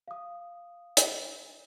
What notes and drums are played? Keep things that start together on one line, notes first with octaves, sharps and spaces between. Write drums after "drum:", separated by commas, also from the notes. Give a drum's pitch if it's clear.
F5 D#6
drum: hi-hat